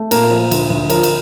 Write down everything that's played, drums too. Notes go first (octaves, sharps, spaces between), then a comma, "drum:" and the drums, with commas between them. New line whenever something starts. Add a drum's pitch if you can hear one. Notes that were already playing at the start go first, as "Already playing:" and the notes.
Already playing: A3
A#2 A#4, drum: cymbal
F3
D2, drum: cymbal
D2
F3 A#4, drum: cymbal
drum: cymbal